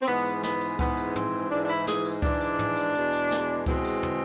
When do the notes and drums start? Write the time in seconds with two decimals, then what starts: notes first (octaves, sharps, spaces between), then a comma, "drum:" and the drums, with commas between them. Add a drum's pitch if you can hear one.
0.02 C4
0.07 G#2 E3 G#3 B3, drum: tambourine
0.25 drum: tambourine
0.43 B3, drum: snare
0.61 drum: tambourine
0.79 G#2 E3 G#3 B3, drum: kick C#2, tambourine
0.97 drum: tambourine
1.16 C4, drum: tom
1.51 G#2 E3 G#3 D4
1.64 D4
1.68 E4, drum: tambourine
1.87 G#4, drum: snare
2.05 drum: tambourine
2.22 G#2 E3 G#3 D4, drum: kick C#2, tambourine
2.41 drum: tambourine
2.59 drum: tom
2.77 drum: tambourine
2.95 E2 B2 G#3, drum: tambourine
3.13 drum: tambourine
3.31 drum: snare
3.66 E2 B2 G#3 C4, drum: kick C#2, tambourine
3.85 drum: tambourine
4.03 drum: tom